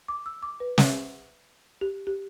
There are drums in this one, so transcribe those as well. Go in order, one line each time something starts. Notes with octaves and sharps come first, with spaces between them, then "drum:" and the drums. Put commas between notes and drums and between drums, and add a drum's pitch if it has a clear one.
D6
E6
D6
B4
E5, drum: snare
G4
G4